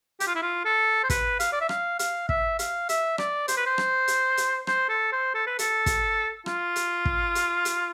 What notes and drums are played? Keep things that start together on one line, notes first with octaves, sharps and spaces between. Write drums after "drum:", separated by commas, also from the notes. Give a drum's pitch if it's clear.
G4, drum: hi-hat
F4
E4
F4
A4
C5
B4, drum: kick, hi-hat
F5, drum: hi-hat
D5
E5
F5, drum: rim click
F5, drum: hi-hat
E5, drum: kick
F5, drum: hi-hat
E5, drum: hi-hat
D5, drum: rim click
C5, drum: hi-hat
B4
C5
drum: rim click
drum: hi-hat
drum: hi-hat
C5, drum: rim click
A4
C5
A4
B4
A4, drum: hi-hat
drum: kick, hi-hat
F4, drum: rim click
drum: hi-hat
drum: kick
drum: hi-hat
drum: hi-hat